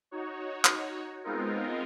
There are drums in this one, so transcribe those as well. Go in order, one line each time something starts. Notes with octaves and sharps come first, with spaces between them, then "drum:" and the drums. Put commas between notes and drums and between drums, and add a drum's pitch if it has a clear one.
D#4 F#4 C#5
drum: clap
G#3 B3 C4 D#4 F4 A#4